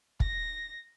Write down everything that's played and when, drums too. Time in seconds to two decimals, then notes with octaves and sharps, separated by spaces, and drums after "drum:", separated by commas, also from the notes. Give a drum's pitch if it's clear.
0.20 A#6, drum: kick